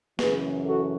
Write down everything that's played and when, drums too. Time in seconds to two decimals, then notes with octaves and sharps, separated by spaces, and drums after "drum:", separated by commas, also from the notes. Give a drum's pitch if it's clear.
0.19 F#2 C#3 E3 G#4 B4, drum: snare
0.66 F#4 A4